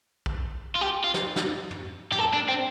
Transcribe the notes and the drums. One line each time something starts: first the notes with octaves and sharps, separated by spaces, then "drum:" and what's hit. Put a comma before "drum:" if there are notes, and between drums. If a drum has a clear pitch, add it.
drum: kick
F4
G4
F4
drum: snare
drum: snare
drum: tom
G4, drum: tom
A4
D4
C4